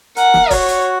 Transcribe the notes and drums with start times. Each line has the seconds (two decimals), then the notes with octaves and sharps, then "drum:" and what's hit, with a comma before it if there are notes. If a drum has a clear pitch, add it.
0.16 A#4 F#5, drum: hi-hat
0.34 drum: snare
0.50 F#4 C#5, drum: kick, open hi-hat
0.68 drum: hi-hat